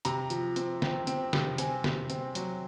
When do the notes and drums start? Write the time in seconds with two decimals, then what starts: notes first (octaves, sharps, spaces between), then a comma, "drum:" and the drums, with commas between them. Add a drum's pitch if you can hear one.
0.05 C3 A#5, drum: hi-hat
0.30 F3, drum: hi-hat
0.56 C4, drum: hi-hat
0.82 C4, drum: snare
1.07 C4, drum: hi-hat
1.33 C3, drum: snare
1.58 C4 G#5, drum: hi-hat
1.84 C3, drum: snare
2.10 C4, drum: hi-hat
2.35 F#3, drum: hi-hat